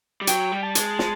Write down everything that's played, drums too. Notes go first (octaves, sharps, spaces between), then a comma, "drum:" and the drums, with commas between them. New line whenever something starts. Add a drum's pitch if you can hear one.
G3
F#3 G5, drum: hi-hat
G3
A5
G#3, drum: hi-hat
drum: snare